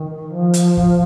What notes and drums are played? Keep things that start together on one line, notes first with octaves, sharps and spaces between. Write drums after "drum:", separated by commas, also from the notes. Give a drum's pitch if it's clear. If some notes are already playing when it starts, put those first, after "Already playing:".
Already playing: D#3
F3
drum: hi-hat
drum: kick